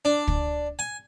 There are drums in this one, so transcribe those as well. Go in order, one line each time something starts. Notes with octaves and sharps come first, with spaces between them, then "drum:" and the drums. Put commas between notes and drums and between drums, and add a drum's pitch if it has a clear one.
D4
drum: kick
G#5